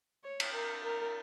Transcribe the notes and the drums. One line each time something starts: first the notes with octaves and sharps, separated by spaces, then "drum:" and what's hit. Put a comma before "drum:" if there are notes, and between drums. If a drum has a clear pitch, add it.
C#5
drum: cymbal
A#4
A#4